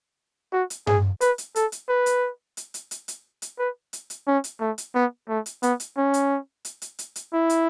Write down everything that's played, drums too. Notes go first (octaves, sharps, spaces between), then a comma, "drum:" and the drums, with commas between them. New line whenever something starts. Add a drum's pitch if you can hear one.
F#4
drum: hi-hat
G#4, drum: tom G2
B4, drum: hi-hat
drum: hi-hat
A4, drum: hi-hat
drum: hi-hat
B4
drum: hi-hat
drum: hi-hat
drum: hi-hat
drum: hi-hat
drum: hi-hat
drum: hi-hat
B4
drum: hi-hat
drum: hi-hat
C#4
drum: hi-hat
A3
drum: hi-hat
B3
A3
drum: hi-hat
B3, drum: hi-hat
drum: hi-hat
C#4
drum: hi-hat
drum: hi-hat
drum: hi-hat
drum: hi-hat
drum: hi-hat
E4
drum: hi-hat